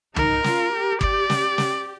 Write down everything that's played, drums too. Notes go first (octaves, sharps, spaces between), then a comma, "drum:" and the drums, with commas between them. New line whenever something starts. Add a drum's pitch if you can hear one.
D#4 A#4, drum: tom
F4, drum: snare
G4
D5, drum: kick
drum: snare
drum: snare